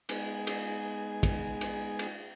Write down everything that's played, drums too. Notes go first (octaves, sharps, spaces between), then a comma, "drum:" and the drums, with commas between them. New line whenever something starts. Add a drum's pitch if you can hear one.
G#3 B3 D#4 G#4 G#5, drum: cymbal
drum: cymbal
drum: kick, cymbal
drum: cymbal
drum: cymbal